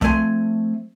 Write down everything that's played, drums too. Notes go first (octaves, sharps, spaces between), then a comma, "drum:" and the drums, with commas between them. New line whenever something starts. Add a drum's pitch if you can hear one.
F3 A3 C4 C#5 G#5 C6, drum: kick